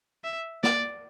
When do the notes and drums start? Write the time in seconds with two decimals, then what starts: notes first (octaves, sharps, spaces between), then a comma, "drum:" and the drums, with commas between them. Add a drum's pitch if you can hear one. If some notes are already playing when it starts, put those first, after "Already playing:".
0.24 E5
0.63 D5, drum: snare